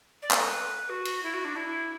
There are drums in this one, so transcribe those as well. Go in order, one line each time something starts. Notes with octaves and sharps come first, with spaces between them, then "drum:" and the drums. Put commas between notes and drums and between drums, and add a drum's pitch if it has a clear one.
D5
B4, drum: clap
A4
B4
F#4
drum: cymbal
E4
F#4
D4
E4